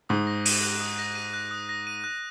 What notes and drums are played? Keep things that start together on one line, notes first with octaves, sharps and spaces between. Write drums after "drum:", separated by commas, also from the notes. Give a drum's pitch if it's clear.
G#2 D#6
A#6
D#7, drum: open hi-hat
F#6
D#6
A#6
D#7
F#6
D#6
A#6
D#7
F#6